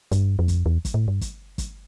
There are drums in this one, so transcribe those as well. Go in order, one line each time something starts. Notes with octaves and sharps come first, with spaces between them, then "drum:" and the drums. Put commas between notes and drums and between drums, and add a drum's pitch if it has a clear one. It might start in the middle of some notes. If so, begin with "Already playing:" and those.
G2, drum: kick, hi-hat
F2
drum: kick, hi-hat
E2
drum: kick, hi-hat
A2
G2
drum: kick, hi-hat
drum: kick, hi-hat